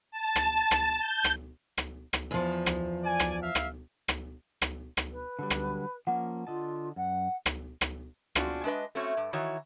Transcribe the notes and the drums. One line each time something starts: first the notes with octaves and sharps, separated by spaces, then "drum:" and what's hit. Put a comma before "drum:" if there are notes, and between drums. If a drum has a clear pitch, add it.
A5
drum: rim click
drum: rim click
G6
drum: rim click
drum: rim click
drum: rim click
E2 F3
drum: rim click
D5 G#5
drum: rim click
E5 F5
drum: rim click
drum: rim click
drum: rim click
drum: rim click
B4
D3 F#3 G3
drum: rim click
F3 A#3 C#4 F#5
D3 F4 D#5 A5
F#2 F#5
drum: rim click
drum: rim click
G#3 C4 D4 F4 F#4, drum: rim click
G#3 D4 B4 D#5
A3 C4 C#4 F#4 C#5
G2
D#3 E3 F#4 C#5